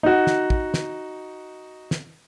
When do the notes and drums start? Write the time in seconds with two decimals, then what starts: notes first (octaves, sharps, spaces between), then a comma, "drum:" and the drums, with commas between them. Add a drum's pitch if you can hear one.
0.03 D#4 F#4
0.27 drum: snare
0.50 drum: kick
0.74 drum: snare
1.91 drum: snare